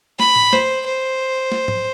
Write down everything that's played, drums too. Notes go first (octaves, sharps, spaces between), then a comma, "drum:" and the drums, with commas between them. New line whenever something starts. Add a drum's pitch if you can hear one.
B5, drum: snare
drum: tom A2
C5, drum: snare
C5
drum: snare
drum: tom G#2